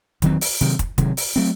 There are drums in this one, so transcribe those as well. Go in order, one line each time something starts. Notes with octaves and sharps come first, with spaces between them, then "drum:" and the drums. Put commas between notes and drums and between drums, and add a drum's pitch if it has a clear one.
E2 D#3 F#3 C4, drum: kick, hi-hat
drum: open hi-hat
C3 D#3 F#3, drum: hi-hat
drum: kick, hi-hat
C3 D#3 F#3, drum: kick, hi-hat
drum: open hi-hat
F#3 A3 C4